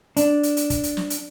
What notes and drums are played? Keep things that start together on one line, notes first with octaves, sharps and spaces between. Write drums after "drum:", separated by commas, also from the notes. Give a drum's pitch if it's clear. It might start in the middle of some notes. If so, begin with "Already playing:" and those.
D4, drum: hi-hat
drum: hi-hat
drum: hi-hat
drum: kick, hi-hat
drum: hi-hat
drum: snare
drum: hi-hat